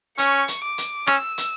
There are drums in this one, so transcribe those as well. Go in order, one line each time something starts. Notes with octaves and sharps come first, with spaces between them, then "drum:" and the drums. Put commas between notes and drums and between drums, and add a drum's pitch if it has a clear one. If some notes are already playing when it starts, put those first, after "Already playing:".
C#4 C#6, drum: hi-hat
drum: hi-hat
D6
drum: hi-hat
C#4 E6, drum: rim click
drum: hi-hat